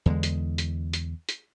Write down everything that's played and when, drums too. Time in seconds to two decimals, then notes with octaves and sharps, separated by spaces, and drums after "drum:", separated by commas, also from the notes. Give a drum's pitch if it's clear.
0.06 E2 D3 G#3
0.23 drum: hi-hat
0.58 drum: hi-hat
0.93 drum: hi-hat
1.29 drum: hi-hat